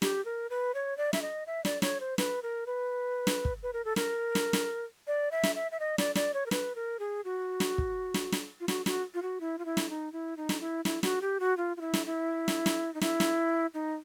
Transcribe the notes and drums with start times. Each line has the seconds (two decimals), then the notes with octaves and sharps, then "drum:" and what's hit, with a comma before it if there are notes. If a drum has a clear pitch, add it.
0.02 G4, drum: snare
0.25 A#4
0.50 B4
0.75 C#5
0.97 D5
1.13 E5, drum: snare
1.22 D#5
1.47 E5
1.65 D5, drum: snare
1.82 C#5, drum: snare
2.00 C5
2.18 B4, drum: snare
2.43 A#4
2.67 B4
3.27 drum: snare
3.45 drum: kick
3.63 B4
3.73 A#4
3.85 A4
3.96 A#4, drum: snare
4.35 drum: snare
4.53 drum: snare
5.07 D5
5.31 E5
5.43 drum: snare
5.56 E5
5.72 E5
5.80 D#5
5.98 D5, drum: snare
6.15 D5, drum: snare
6.34 C#5
6.46 A#4
6.51 B4, drum: snare
6.76 A#4
6.99 G#4
7.25 F#4
7.60 drum: snare
7.78 drum: kick
8.14 drum: snare
8.32 drum: snare
8.60 F4
8.68 F#4, drum: snare
8.86 F#4, drum: snare
9.14 F4
9.22 F#4
9.40 E4
9.58 F4
9.65 E4
9.77 drum: snare
9.89 D#4
10.13 E4
10.37 D#4
10.49 drum: snare
10.61 E4
10.85 E4, drum: snare
11.03 F#4, drum: snare
11.22 G4
11.40 F#4
11.57 F4
11.77 F4
11.81 E4
11.94 drum: snare
12.06 E4
12.48 drum: snare
12.66 drum: snare
12.94 D#4
13.01 E4, drum: snare
13.20 drum: snare
13.74 D#4